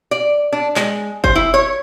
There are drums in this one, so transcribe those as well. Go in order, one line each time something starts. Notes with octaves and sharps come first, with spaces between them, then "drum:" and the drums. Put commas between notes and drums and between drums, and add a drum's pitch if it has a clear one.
D5
D4
G#3, drum: clap
C5, drum: kick F#1
E4
C#5